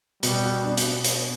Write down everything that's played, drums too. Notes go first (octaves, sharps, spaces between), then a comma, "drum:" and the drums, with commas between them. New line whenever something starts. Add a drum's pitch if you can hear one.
B2 G3, drum: hi-hat
F#4
D4
drum: hi-hat
drum: hi-hat